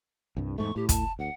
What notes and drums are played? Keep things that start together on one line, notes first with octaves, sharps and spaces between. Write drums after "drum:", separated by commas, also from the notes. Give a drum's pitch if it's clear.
C2 G2
E2 G#2 A3 C#6
A2 G4
A5, drum: kick, hi-hat
D2 F#5